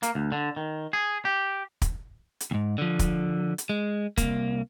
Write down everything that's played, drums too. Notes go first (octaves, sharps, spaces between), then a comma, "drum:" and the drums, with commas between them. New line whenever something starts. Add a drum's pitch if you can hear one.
A#3, drum: hi-hat
D2
D3
D#3
G#4
G4
drum: kick, hi-hat
drum: hi-hat
D#2 G#2
D3 F3
drum: kick, hi-hat
drum: hi-hat
G#3
C2 A#3, drum: kick, hi-hat